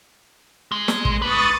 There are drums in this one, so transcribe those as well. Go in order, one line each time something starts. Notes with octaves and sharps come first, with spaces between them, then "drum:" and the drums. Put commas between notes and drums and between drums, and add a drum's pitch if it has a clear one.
G#3
drum: snare
drum: kick
D4 B4 C#6 D#6 A6